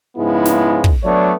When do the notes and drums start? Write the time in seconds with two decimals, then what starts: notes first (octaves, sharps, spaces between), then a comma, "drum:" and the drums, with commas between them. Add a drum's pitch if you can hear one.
0.17 G#2 C#3 F3 G#3 B3 E4
0.45 drum: snare
0.84 drum: kick
1.03 F#3 A3 B3 D4 C#5 D5